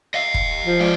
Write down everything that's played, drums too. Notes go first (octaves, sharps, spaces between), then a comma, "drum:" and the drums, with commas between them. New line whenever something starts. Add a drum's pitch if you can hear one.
D#5 F5
drum: kick
F3
G#3 D5